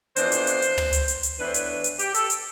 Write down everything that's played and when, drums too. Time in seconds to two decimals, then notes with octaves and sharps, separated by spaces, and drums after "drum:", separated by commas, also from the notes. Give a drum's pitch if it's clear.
0.17 F2 E3 B3 D4 C5, drum: hi-hat
0.32 drum: hi-hat
0.47 drum: hi-hat
0.62 drum: hi-hat
0.78 drum: tom
0.93 drum: hi-hat
1.08 drum: hi-hat
1.23 drum: hi-hat
1.39 A2 E3 B3 D4 B4
1.46 C5
1.54 B4, drum: hi-hat
1.84 drum: hi-hat
1.99 G4, drum: hi-hat
2.15 A4, drum: hi-hat
2.30 drum: hi-hat